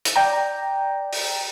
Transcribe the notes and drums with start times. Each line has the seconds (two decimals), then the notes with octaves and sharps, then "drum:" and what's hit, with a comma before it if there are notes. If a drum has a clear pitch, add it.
0.05 drum: hi-hat
0.16 D5 G5 A#5
1.13 drum: open hi-hat